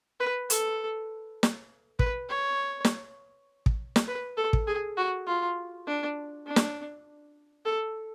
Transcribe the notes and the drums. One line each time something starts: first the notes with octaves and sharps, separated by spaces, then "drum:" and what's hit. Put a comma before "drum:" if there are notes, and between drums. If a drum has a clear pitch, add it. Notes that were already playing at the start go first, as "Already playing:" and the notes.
B4
A4, drum: hi-hat
drum: snare
B4, drum: kick
C#5
drum: snare
drum: kick
drum: snare
B4
A4
drum: kick
G#4
F#4
F4
D4
D4
drum: snare
A4